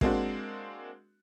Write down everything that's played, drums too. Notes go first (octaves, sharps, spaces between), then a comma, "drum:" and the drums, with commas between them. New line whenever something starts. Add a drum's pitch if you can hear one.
G#3 A#3 C4 D4 F#4, drum: kick